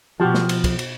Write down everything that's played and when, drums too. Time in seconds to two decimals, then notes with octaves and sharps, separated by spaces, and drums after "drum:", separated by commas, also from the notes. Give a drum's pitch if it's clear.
0.20 B2 F3 F#4 G4 A5
0.34 drum: snare
0.49 drum: cymbal
0.64 drum: kick, cymbal
0.79 drum: cymbal